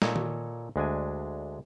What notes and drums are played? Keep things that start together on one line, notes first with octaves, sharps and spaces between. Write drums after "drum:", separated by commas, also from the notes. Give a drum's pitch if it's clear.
A#2 A4 C#5 D#5, drum: snare
drum: tom D#3
D2 G#3 D4 G#5